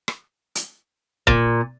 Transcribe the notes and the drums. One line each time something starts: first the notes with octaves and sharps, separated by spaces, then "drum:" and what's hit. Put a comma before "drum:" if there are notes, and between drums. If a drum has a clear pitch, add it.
drum: rim click
drum: hi-hat
A#2, drum: kick